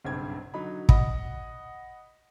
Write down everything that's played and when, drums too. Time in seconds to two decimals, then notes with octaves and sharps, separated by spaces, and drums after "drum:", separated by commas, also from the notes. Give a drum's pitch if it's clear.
0.05 F#1 B1 G2 C4 G#6
0.54 D3 F#3 D#4 B5
0.89 D#5 F#5 B5 D#6, drum: kick